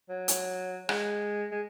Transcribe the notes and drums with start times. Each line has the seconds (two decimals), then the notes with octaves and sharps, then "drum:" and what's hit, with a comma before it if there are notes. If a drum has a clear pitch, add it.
0.09 F#3
0.28 drum: hi-hat
0.89 G#3, drum: rim click
1.51 G#3